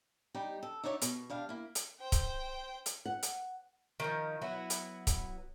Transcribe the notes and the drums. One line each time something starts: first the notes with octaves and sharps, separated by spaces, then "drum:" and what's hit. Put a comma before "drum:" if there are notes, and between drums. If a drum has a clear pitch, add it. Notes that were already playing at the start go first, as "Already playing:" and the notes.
G3 D#4 G4
A4
D4 D#4 F#4 C#5 D5 E5
B2, drum: hi-hat
G3 D4 F5
A#3 E4
drum: hi-hat
C5 G5
drum: kick C#1, hi-hat
drum: hi-hat
F#5
drum: hi-hat
D#3 F3
F#3 B3 E4
drum: hi-hat
drum: kick C#1, hi-hat